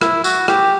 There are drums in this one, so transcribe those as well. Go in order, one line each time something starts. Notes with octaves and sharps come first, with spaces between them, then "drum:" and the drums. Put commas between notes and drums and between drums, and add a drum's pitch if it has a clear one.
E4, drum: rim click
F#4, drum: tambourine
G4, drum: rim click